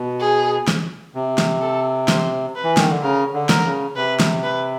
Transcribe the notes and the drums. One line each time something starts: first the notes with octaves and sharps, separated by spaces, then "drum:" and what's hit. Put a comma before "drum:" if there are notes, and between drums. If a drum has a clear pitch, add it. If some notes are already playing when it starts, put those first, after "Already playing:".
Already playing: B2
G#4
drum: snare
C3
drum: snare
A4
C5, drum: snare
B4
E3
D#3, drum: snare
D3
C#3 A#4
D3
A#4, drum: snare
C#3
C3 B4
drum: snare
B4